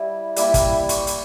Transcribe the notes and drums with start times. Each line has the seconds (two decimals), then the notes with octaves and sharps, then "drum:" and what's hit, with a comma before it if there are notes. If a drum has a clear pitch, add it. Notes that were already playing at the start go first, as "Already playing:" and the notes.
Already playing: G3 E4
0.36 G3 A#3 E4, drum: hi-hat
0.54 drum: kick, hi-hat
0.89 C#6, drum: hi-hat
1.07 drum: hi-hat